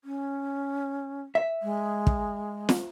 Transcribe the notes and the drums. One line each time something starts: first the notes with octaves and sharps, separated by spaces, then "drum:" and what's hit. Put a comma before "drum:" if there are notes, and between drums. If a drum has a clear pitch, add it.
C#4
E5
G#3
drum: kick
drum: snare